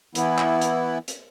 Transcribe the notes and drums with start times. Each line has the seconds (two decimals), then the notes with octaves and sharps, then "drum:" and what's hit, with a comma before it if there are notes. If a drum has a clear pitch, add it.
0.15 E3 B3 E4, drum: hi-hat
0.38 drum: clap
0.62 drum: hi-hat
1.08 drum: hi-hat